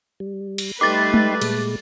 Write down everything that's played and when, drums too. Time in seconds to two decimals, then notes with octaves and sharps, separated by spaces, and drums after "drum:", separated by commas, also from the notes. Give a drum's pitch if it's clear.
0.20 G3
0.58 drum: cymbal
0.81 G3 A3 D#4 G4 B4 C6 D6 A6
1.14 drum: tom G#3
1.41 A#2 G#3, drum: cymbal